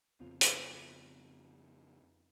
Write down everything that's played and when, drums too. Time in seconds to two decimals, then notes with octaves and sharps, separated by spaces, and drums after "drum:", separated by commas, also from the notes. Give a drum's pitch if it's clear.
0.20 F2 C#3 B3 C4 F4
0.41 drum: hi-hat